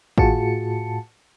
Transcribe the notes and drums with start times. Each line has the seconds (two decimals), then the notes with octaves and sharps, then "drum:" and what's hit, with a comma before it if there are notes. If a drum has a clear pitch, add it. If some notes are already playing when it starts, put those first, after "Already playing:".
0.18 A2 F4 F#4 G#4 A5 C#7, drum: kick